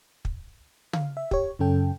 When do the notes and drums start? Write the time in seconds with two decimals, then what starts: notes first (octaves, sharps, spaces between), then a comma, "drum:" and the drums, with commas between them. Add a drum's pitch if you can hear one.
0.25 drum: kick
0.93 F5, drum: tom
1.17 E5
1.31 G4 C#5, drum: kick
1.59 F#2 C#3 C#4 A4 G5